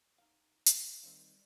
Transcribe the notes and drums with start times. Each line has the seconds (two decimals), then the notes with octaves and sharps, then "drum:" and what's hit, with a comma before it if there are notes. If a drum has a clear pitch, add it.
0.18 D#4 F5
0.66 drum: hi-hat
1.03 D#3 G3 C4 C5 F5